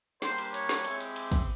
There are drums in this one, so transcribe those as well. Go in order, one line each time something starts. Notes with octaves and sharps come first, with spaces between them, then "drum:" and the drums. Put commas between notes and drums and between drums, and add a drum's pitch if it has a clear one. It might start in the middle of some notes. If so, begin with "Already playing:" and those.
G3 A#3 D4 G4 C5, drum: snare
drum: cymbal
C#5, drum: cymbal
drum: snare
G#3 C4 E4 G4, drum: cymbal
drum: cymbal
drum: cymbal
drum: kick, cymbal